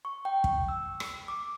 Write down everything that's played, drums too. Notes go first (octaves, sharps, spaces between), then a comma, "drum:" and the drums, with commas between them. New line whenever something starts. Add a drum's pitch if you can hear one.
C#6
G5
drum: kick
E6
drum: rim click
D6